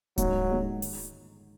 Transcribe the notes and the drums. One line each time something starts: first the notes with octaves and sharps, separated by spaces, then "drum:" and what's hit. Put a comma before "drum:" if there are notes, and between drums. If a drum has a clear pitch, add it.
G#2 D#3 F#3 G#3 C#4, drum: kick D1, hi-hat
G#2 D#3 G#3 C#4
D#3, drum: open hi-hat